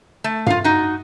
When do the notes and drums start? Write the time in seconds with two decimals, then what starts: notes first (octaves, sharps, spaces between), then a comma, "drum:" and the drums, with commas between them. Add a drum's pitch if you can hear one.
0.24 A3
0.46 F4 F5, drum: tom G2
0.64 D#4 F#4